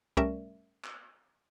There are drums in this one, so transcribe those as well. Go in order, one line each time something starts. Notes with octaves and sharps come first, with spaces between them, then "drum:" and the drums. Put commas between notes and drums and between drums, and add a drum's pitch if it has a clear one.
G3 A3 C#4 A#4 D5 E5, drum: kick C2
drum: clap